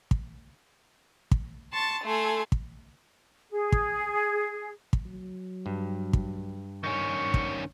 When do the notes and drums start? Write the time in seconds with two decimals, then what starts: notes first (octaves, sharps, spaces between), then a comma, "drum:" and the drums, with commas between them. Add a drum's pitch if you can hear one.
0.11 drum: kick
1.31 drum: kick
1.72 A5 C6 C#6 A6
2.04 A3 A4 G#5 C6
2.52 drum: kick
3.52 G#4
3.72 drum: kick
4.93 drum: kick
5.06 F#3
5.66 G2
6.13 drum: kick
6.84 D#3 C#4 C#6
7.34 drum: kick